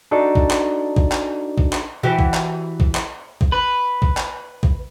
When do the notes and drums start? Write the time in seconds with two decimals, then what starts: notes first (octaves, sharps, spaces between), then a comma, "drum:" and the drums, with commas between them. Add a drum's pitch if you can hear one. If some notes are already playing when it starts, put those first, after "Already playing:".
0.11 D4 D#4 F#4 A4
0.35 drum: kick A#1
0.51 drum: clap
0.96 drum: kick A#1
1.12 drum: clap
1.58 drum: kick A#1
1.73 drum: clap
2.03 E3 F#4 G4
2.19 drum: kick A#1
2.34 drum: clap
2.80 drum: kick A#1
2.95 drum: clap
3.41 drum: kick A#1
3.52 B4
4.02 drum: kick A#1
4.17 drum: clap
4.63 drum: kick A#1